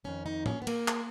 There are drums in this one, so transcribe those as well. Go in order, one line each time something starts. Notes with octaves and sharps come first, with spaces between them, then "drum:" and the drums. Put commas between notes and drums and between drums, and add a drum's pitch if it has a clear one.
F2 D#3 C#4
D#4
C#4, drum: tom
B3
A#3, drum: cymbal
drum: clap